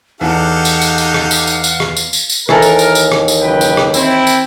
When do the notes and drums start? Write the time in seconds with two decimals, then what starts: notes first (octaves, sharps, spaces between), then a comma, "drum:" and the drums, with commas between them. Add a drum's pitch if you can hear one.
0.21 E2 D#4 G4 A4 F5 F#5
0.65 drum: tambourine
0.82 drum: tambourine
0.98 drum: tambourine
1.14 drum: rim click
1.31 drum: tambourine
1.47 drum: tambourine
1.64 drum: tambourine
1.80 drum: rim click
1.97 drum: tambourine
2.13 drum: tambourine
2.29 drum: tambourine
2.49 D#2 E3 A4 A#4 F#5, drum: rim click
2.62 drum: tambourine
2.79 drum: tambourine
2.95 drum: tambourine
3.12 drum: rim click
3.28 drum: tambourine
3.41 F#1 B4 G5
3.61 drum: tambourine
3.77 drum: rim click
3.94 C4 E4, drum: tambourine
4.27 drum: tambourine